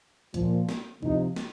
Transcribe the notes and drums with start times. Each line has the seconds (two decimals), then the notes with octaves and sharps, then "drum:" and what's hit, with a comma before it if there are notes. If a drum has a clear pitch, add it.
0.34 A#2 F3, drum: kick, hi-hat
0.69 drum: snare
1.03 C3 F3 D#4, drum: kick
1.36 drum: snare